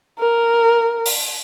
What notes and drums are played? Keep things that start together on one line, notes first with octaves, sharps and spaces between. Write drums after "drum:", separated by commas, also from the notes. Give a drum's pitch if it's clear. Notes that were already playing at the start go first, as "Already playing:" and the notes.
A#4
drum: open hi-hat